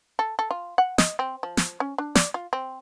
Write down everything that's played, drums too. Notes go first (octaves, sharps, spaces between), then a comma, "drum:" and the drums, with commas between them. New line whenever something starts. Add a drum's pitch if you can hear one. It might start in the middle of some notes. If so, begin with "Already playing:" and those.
A4
A4
F4
F#5
D#5, drum: snare
C4
F3
drum: snare
C#4
D4
D5, drum: snare
F4
C4